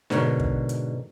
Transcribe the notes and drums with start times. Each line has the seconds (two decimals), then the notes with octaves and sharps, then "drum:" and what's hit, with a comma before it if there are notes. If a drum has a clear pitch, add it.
0.10 G#2 B2 D3 A#4 C#5, drum: snare D4
0.40 drum: kick
0.69 drum: hi-hat